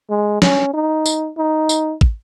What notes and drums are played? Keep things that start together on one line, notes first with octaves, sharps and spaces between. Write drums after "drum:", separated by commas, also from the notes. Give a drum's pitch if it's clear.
G#3
C#4, drum: snare
D#4
drum: tambourine
D#4
drum: tambourine
drum: kick